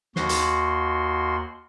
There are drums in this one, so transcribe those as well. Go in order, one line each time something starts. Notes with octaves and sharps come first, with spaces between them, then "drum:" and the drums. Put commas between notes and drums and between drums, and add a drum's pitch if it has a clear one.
D#2 F#4 C6, drum: snare
drum: hi-hat